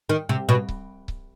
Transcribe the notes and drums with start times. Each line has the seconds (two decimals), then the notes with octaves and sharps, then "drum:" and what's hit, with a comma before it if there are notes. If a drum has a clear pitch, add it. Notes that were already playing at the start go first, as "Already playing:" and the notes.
0.09 D#3
0.29 C3
0.49 B2
0.69 drum: kick C#1
1.08 drum: kick C#1